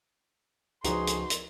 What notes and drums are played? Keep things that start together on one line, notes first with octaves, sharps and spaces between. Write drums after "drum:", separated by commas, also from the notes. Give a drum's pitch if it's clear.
C#2 F3 D#4 F#4 G#4 B4 C6, drum: hi-hat
drum: hi-hat
drum: hi-hat